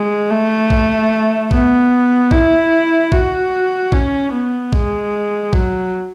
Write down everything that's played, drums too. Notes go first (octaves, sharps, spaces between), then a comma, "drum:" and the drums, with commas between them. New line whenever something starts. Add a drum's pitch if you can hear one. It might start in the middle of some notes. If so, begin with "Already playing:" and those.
Already playing: G#3
A3
drum: kick A#1
B3, drum: kick A#1
E4, drum: kick A#1
F#4, drum: kick A#1
C#4, drum: kick A#1
B3
G#3, drum: kick A#1
F#3, drum: kick A#1